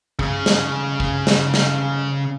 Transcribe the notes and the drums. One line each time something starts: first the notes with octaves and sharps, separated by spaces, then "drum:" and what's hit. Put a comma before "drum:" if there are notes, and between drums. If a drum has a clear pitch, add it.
C#3 G#4, drum: kick
drum: snare
drum: kick
drum: snare
drum: snare